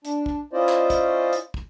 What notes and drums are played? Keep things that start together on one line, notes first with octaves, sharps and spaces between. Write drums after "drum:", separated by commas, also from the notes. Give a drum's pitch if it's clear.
D4, drum: hi-hat
drum: kick
C#4 E4 F4 C5 D5 D#5
drum: clap
drum: kick, hi-hat
drum: hi-hat
drum: kick